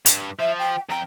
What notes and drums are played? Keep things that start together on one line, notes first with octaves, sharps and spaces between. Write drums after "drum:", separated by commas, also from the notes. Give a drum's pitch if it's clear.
G2, drum: hi-hat
F3 E5
G5
F2 G5 A#5